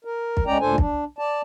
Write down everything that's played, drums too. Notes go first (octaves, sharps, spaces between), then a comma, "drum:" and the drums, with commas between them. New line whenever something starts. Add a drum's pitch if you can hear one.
A#4
drum: kick
G#3 C#4 D5 G5 A#5
D2 A#2 D4 A4 C5 G#5
D4, drum: kick
D5 A5